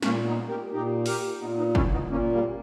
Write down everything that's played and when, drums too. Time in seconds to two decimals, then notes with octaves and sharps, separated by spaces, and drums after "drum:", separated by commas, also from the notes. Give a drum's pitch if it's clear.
0.03 A#2 A#3 C#4, drum: snare
0.26 B3 D#4
0.48 G4 A#4
0.71 A#2 D#4 G4
1.06 G4 A#4, drum: open hi-hat
1.40 A#2 B3 D#4
1.57 B3 D#4
1.75 C#4 E4, drum: kick
1.91 B3 D#4
2.09 A#2 A#3 C#4
2.32 G3 A#3